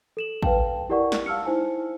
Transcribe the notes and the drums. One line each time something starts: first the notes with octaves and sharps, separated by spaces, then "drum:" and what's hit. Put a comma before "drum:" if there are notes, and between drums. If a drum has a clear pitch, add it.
A4 E7 F#7
B4 F5 G5 A5, drum: kick A1
E4 G4 A#4 D5 F#5 C#6
drum: snare
F5 A5 E6 F6 C#7
D#4 E4 C5 G#5 A5